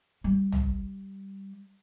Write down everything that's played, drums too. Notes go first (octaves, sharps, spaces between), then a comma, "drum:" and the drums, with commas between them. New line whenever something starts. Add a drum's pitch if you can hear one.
G3
drum: tom A#1